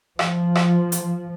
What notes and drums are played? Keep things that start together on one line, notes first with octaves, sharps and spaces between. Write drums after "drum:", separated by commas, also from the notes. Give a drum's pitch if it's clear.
F3, drum: rim click
drum: rim click
drum: hi-hat